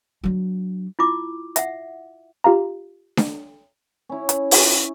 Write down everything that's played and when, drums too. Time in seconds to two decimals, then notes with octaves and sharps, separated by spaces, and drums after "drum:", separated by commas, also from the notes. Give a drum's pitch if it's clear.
0.24 F#3 D4
0.99 E4 F4 D6
1.56 E5 F#5, drum: hi-hat
2.44 F4 G4 F5 A#5
3.17 drum: snare D4
4.09 C#4 E4
4.29 drum: hi-hat
4.51 drum: open hi-hat